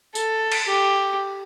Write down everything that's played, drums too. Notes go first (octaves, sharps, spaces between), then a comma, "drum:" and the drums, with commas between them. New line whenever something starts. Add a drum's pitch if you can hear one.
A4, drum: tambourine
drum: cymbal
G4